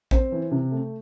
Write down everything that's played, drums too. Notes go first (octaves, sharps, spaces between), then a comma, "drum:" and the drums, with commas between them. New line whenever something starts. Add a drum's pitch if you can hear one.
C4 C5, drum: kick
E3
C3
A3